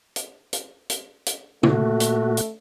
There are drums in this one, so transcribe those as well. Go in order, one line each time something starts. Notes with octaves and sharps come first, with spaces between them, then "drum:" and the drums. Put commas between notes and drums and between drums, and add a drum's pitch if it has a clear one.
drum: hi-hat
drum: hi-hat
drum: hi-hat
drum: hi-hat
A#2 A3 F#4, drum: tom
drum: hi-hat
drum: hi-hat